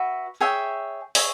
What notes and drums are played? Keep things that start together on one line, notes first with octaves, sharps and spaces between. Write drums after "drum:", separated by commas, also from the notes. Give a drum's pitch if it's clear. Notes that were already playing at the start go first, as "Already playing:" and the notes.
Already playing: F#4 B4 E5
G#4 C#5 E5 G5
G#4 C#5 E5, drum: open hi-hat